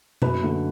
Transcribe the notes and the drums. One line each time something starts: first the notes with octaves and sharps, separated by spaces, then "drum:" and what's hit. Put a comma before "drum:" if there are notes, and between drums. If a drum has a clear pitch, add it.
F#2 B4, drum: tom B2
D3 A3